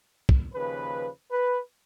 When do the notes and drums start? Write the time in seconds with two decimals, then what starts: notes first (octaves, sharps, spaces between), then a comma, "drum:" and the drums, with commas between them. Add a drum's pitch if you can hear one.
0.29 drum: kick
0.52 D#2 C#3 F3 B4
1.31 B4